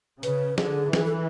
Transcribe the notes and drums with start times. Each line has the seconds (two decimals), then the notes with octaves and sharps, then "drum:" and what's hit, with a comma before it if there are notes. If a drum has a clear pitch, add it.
0.23 C#3 B4, drum: hi-hat
0.58 D3 G#4, drum: snare
0.93 E3 G#4, drum: snare
1.05 A4